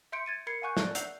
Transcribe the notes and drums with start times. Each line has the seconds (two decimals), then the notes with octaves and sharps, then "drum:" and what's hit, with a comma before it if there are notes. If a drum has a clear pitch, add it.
0.12 E5 C6 G6 C#7 D7
0.26 G#6 A6 D#7
0.47 A#4 B5 G#6 C7 C#7
0.62 F5 F#5 G#5 C#6 F#6 G6
0.77 D5 F#6, drum: snare
0.95 E5 F#5 E6 G6 C7 F7, drum: hi-hat